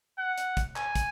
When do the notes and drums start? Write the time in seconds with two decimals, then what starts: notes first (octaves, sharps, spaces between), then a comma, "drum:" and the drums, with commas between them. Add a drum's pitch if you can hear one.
0.18 F#5
0.38 drum: hi-hat
0.57 drum: kick, hi-hat
0.76 G#5, drum: clap
0.95 drum: kick, hi-hat